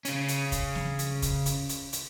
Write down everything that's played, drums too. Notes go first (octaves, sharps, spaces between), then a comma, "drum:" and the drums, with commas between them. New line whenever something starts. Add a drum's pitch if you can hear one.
C#3 C#4, drum: hi-hat
drum: hi-hat
drum: kick, hi-hat
drum: snare
drum: hi-hat
drum: kick, hi-hat
drum: hi-hat
drum: hi-hat
drum: hi-hat